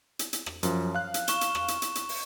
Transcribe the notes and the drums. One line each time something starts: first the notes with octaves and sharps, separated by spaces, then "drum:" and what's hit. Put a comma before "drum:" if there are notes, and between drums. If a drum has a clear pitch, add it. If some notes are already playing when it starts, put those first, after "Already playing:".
drum: hi-hat
drum: hi-hat
drum: rim click
F#2 F3, drum: hi-hat
F5 F#6
drum: hi-hat
C#6 E7 G7, drum: hi-hat
drum: hi-hat
drum: rim click
drum: hi-hat
drum: hi-hat
drum: hi-hat
drum: open hi-hat